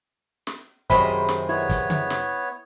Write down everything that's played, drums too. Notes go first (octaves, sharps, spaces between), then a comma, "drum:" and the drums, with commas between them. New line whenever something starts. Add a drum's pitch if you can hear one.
drum: snare
F#2 C3 D#3 G#4 C5 B5, drum: kick, hi-hat
drum: snare
B3 E4 C#5
drum: kick, hi-hat
drum: tom C#3
drum: snare